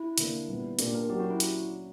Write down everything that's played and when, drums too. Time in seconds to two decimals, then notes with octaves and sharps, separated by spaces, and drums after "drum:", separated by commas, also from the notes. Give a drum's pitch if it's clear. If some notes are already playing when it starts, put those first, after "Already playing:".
Already playing: E4
0.18 D3 A#3 D4, drum: hi-hat
0.48 A#2 G3 B3
0.79 A#2 A#3 D4 G4, drum: hi-hat
0.94 A#4
1.09 F#3 C#4 E4 G4
1.20 F#4
1.30 E4
1.40 drum: hi-hat